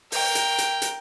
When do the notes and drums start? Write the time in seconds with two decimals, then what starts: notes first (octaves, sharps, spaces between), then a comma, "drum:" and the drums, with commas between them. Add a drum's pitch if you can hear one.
0.12 A#4 G5, drum: open hi-hat
0.35 drum: hi-hat
0.58 drum: hi-hat
0.82 drum: hi-hat